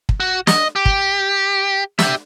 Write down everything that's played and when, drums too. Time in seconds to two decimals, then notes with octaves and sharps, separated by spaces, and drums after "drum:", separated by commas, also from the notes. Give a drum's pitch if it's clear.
0.09 drum: kick
0.20 F#4
0.47 D#5, drum: snare
0.76 G4
0.86 drum: kick
1.99 G4 E5, drum: snare